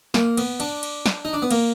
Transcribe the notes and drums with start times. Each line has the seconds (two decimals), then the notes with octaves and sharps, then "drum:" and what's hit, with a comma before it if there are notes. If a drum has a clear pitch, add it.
0.14 A#3, drum: snare
0.37 B3, drum: cymbal
0.60 D4, drum: cymbal
0.83 drum: cymbal
1.06 drum: snare
1.25 D#4
1.33 D4
1.42 B3
1.51 A#3, drum: cymbal